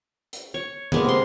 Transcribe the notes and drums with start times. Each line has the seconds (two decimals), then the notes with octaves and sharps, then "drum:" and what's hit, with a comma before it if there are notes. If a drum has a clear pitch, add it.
0.33 drum: hi-hat
0.54 C#5
0.92 G#3 A#3 B3, drum: tom D3
1.04 C3 C6